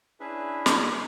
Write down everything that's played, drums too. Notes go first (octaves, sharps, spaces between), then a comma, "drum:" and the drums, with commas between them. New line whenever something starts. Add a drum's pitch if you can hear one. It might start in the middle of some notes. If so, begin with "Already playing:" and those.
C#4 D4 E4 G#4 B4 E5
drum: snare